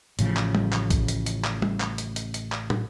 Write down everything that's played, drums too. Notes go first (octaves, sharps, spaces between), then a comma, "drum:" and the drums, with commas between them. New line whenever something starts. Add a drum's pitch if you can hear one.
A1 A2 C#3 F3, drum: hi-hat
drum: clap
drum: tom
drum: clap
drum: kick, hi-hat
drum: hi-hat
drum: hi-hat
drum: clap
drum: tom
drum: clap
drum: hi-hat
drum: hi-hat
drum: hi-hat
drum: clap
drum: tom